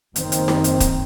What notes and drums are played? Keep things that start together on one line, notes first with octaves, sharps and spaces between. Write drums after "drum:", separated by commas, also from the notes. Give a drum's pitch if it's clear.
F#1 D#3 C4, drum: hi-hat
drum: hi-hat
drum: snare D#4
drum: hi-hat
drum: kick, hi-hat